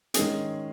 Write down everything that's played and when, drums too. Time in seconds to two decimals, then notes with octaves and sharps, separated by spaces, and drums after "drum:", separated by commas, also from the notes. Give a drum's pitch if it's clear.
0.14 D#3 G#3 C#4 G#4, drum: hi-hat